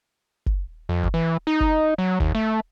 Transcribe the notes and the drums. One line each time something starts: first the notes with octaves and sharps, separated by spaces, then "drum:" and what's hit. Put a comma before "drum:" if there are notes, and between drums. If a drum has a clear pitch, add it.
drum: kick F#1
F2
drum: kick F#1
E3
D#4
drum: kick F#1
F#3
D#2, drum: kick F#1
A3